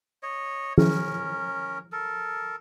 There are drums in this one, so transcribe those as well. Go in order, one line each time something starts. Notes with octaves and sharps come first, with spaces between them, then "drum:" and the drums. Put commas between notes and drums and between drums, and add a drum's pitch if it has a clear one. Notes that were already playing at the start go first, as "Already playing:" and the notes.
C#5 D#5
C#4 A#4, drum: tom
A4 A#4